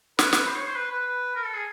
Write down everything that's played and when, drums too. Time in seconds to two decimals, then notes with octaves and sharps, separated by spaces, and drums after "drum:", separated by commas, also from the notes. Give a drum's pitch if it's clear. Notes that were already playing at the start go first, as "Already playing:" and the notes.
0.19 B4, drum: snare
0.33 drum: snare
0.47 C5
0.56 C#5
0.67 C5
0.76 B4
0.91 B4
1.35 A#4
1.44 A4
1.55 G#4